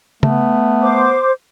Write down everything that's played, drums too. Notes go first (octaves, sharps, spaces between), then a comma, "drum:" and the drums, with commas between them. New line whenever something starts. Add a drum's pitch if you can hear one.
A3 B3, drum: tom C#3
C5 D6